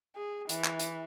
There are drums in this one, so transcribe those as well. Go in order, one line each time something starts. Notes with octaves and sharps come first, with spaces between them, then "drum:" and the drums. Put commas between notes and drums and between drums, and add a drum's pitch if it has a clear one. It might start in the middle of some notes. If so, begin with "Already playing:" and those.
G#4
E3, drum: hi-hat
drum: clap
drum: hi-hat